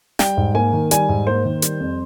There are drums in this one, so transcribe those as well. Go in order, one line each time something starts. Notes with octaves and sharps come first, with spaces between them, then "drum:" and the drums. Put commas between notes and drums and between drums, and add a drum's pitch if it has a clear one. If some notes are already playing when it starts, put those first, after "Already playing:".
G3 G5, drum: snare
G#2
A#3 G#5
D#3
G3 G#5, drum: hi-hat
G#2
A#3 C5
D#3
G3, drum: hi-hat
F2